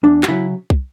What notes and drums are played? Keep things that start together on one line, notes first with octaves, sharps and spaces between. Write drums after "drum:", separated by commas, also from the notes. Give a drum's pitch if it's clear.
E2 D4
F#4, drum: clap
C#3 F#3 E4
drum: kick